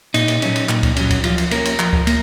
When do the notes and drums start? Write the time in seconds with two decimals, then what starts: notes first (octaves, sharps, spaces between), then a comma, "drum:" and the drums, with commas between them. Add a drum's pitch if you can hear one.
0.14 A#2 D#4, drum: cymbal
0.28 drum: cymbal
0.42 F#3 C#4, drum: cymbal
0.56 drum: cymbal
0.69 A#2, drum: clap
0.83 drum: kick C#2, cymbal
0.96 F#3 C#4, drum: cymbal
1.11 drum: kick C#2, cymbal
1.24 F3 F4, drum: cymbal
1.38 drum: cymbal
1.51 A#3 C#4 A#4, drum: cymbal
1.65 drum: cymbal
1.79 F3, drum: clap
1.93 drum: kick C#2
2.07 A#3, drum: cymbal